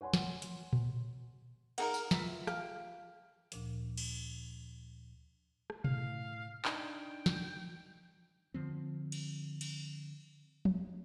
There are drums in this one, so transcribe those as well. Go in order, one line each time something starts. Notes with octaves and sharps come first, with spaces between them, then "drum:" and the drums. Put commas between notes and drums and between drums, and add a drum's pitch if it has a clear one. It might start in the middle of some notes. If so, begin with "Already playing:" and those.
C#5 F#5 G#5 C6
drum: snare
drum: hi-hat
drum: tom A#2
A#3 D#4 G#4 A#4 F#5, drum: cymbal
drum: tambourine
E3 F4 E5, drum: snare
G4 F5, drum: rim click
D2 A#2 F3, drum: hi-hat
drum: cymbal
drum: rim click
A2 F5, drum: tom B2
D4 D#4 G5 G#6, drum: clap
drum: snare
D3 F3 C4
drum: cymbal
drum: cymbal
drum: tom F3